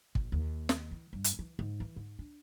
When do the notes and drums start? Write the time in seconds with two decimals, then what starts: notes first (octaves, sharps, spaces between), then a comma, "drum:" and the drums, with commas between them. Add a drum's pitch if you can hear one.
0.15 A#1, drum: kick
0.32 D#2
0.69 drum: snare
0.91 E3
1.13 G2
1.24 drum: hi-hat
1.39 E3
1.59 G#2
1.80 E3
1.96 G#2
2.19 D4